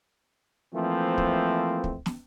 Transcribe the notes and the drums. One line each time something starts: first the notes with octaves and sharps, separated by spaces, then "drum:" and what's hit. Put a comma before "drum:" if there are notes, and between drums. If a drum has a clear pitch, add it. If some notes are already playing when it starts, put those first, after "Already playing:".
E3 F3 A3 A#3 C4
drum: kick
drum: kick
drum: snare